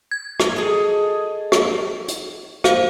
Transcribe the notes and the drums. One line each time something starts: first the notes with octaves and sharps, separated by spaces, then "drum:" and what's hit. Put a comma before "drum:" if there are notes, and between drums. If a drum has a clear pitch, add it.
G#6
drum: rim click
G#4 A4 D#5
drum: rim click
drum: hi-hat
C5 F5, drum: rim click